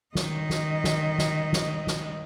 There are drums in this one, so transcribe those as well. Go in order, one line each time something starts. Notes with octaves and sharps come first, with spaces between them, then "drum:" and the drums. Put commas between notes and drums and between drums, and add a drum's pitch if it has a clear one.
D#3 D#5, drum: snare
drum: snare
drum: snare
drum: snare
drum: snare
drum: snare